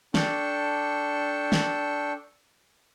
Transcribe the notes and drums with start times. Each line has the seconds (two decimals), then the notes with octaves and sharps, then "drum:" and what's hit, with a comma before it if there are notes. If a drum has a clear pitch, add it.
0.14 D4 A4 G5 C#6, drum: snare
1.52 drum: snare